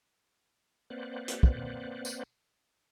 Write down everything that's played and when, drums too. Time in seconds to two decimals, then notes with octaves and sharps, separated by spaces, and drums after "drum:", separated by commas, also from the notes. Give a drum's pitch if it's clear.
0.90 A#3 C4 B4 C5 D5 F#5
1.28 drum: hi-hat
1.43 drum: kick
2.05 drum: tambourine